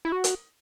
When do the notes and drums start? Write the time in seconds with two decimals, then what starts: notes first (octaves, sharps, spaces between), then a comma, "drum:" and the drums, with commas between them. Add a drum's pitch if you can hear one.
0.05 E4
0.12 F#4
0.24 drum: hi-hat